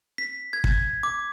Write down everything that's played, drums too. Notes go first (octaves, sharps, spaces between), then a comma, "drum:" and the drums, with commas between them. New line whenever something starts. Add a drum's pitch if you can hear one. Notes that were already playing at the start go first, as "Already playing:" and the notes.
B6
G#6
drum: kick
D6